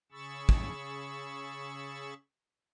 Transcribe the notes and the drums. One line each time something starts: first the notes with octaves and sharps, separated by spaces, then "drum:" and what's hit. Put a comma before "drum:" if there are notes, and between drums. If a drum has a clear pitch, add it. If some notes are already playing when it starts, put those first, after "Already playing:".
C#3 G#4 B5 C#6 E6 A6
drum: kick